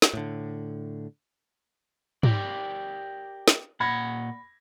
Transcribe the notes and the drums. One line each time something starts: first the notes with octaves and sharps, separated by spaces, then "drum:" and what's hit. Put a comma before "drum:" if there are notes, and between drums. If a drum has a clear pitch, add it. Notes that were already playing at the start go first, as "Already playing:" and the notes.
drum: snare
A2 D3
G4 A#4 D5, drum: tom
drum: snare
A#2 F#5 B5 G#6 A#6